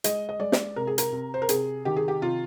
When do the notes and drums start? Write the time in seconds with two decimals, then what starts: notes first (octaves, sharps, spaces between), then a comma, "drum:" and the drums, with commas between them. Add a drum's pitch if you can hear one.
0.04 G#3 D#5, drum: hi-hat
0.29 D#5
0.40 G#3 D5
0.52 drum: snare
0.76 C3 A#4
0.87 G#4
0.98 A#4, drum: hi-hat
1.12 C3
1.34 C5
1.42 A#4
1.49 C3 G#4, drum: hi-hat
1.85 D#3 G4
1.96 G#4
2.08 G4
2.21 C3 F4